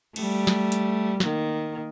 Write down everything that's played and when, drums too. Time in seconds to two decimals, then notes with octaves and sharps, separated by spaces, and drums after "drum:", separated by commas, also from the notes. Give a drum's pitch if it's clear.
0.16 G3 A3, drum: cymbal
0.47 drum: snare
0.72 drum: hi-hat
1.20 D#3 A#3, drum: snare